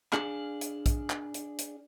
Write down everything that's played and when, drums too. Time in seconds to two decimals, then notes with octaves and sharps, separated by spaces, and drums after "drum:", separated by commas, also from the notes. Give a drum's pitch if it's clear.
0.13 D4 G#4 F5, drum: clap
0.61 drum: hi-hat
0.86 drum: kick, hi-hat
1.10 drum: clap
1.34 drum: hi-hat
1.59 drum: hi-hat